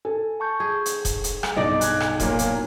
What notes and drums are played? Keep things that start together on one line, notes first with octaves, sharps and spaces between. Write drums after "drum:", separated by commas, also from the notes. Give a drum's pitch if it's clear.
A4 G#5
A5 C#6 G6
G#4 G#6
drum: hi-hat
drum: kick E1, hi-hat
drum: hi-hat
drum: rim click
B1 G2 D#4 D5 D7
G#5 F#6 G#6, drum: hi-hat
drum: rim click
A#2 F#3 A#3, drum: kick E1, hi-hat
drum: hi-hat